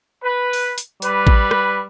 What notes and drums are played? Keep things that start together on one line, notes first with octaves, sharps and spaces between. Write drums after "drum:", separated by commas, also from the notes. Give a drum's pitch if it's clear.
B4
drum: open hi-hat
drum: hi-hat
G3 B4, drum: hi-hat
drum: kick A1
drum: rim click